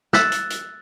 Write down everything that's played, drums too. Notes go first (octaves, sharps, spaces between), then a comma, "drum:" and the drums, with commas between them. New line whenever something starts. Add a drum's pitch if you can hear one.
E6 F#6 A6 B6, drum: snare
drum: hi-hat
drum: hi-hat